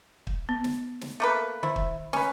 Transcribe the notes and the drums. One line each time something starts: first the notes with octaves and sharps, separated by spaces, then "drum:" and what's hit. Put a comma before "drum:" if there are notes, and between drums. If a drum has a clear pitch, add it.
drum: kick
B3
drum: snare
drum: snare
A3 A#3 B4
D#3 E4
drum: kick
C#4 B4, drum: snare